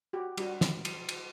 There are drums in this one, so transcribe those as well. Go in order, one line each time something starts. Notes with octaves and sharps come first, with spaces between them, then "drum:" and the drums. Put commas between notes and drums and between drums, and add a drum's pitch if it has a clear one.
F#4 G4
G3 F#4, drum: cymbal
drum: snare
drum: cymbal
drum: cymbal